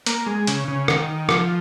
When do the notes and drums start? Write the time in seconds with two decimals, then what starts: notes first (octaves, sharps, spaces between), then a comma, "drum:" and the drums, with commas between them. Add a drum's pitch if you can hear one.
0.06 A#3, drum: hi-hat
0.26 G#3
0.47 C#3, drum: hi-hat
0.68 C#3
0.88 D#3, drum: rim click
1.29 F3, drum: rim click